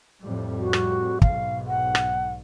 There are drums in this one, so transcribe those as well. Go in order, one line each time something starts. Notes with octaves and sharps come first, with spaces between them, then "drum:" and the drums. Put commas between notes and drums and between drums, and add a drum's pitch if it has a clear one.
F2 A2 G3
F#4
drum: rim click
B1 G#2 B2 F5, drum: kick
F#5
drum: rim click